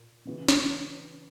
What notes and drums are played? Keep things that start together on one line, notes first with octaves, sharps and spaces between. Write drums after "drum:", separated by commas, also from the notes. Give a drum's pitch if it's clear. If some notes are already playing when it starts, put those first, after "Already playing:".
Already playing: A#2 A#3
C#3 E3 B3 F#4
drum: snare